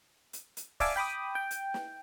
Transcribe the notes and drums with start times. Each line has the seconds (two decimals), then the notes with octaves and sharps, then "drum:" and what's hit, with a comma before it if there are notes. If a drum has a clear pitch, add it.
0.33 drum: hi-hat
0.57 drum: hi-hat
0.80 D5 E5 F5 G#5 A5 D6, drum: kick, open hi-hat
0.96 G5 B5 D6 D#6
1.35 G5
1.51 drum: hi-hat
1.74 drum: snare